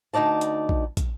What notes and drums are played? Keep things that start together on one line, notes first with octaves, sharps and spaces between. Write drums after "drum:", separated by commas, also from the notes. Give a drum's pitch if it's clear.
D2 E3 D#4 D5 A5
drum: hi-hat
drum: kick
drum: kick, hi-hat